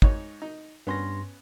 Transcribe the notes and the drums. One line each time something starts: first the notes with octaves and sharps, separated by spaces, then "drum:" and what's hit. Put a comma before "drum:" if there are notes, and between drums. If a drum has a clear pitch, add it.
G#2 D#4 C#5, drum: kick
D#4
G2 B3 C#4 C6 A#6